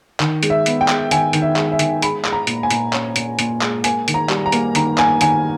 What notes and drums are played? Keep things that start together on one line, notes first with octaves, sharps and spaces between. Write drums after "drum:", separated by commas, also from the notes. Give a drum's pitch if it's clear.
D#3, drum: clap
G#3, drum: hi-hat
E5
B3, drum: hi-hat
G5
G#3, drum: clap
D#3 G#5, drum: hi-hat
D#3, drum: hi-hat
E5
G#3, drum: clap
E5
D#3, drum: hi-hat
G#3 B5, drum: hi-hat
G#3, drum: clap
A#5
A#2, drum: hi-hat
G#5
A#2, drum: hi-hat
C#4, drum: clap
A#2, drum: hi-hat
A#2, drum: hi-hat
G#3, drum: clap
A#3 G#5, drum: hi-hat
D#3, drum: hi-hat
A#5
G3, drum: clap
A#5
A#3, drum: hi-hat
D#3 A#5, drum: hi-hat
A#3 G#5, drum: clap
D#3 G#5, drum: hi-hat